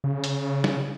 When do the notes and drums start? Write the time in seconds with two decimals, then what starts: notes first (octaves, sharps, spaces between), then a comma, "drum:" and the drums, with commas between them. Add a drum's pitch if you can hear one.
0.04 C#3
0.24 drum: hi-hat
0.64 drum: snare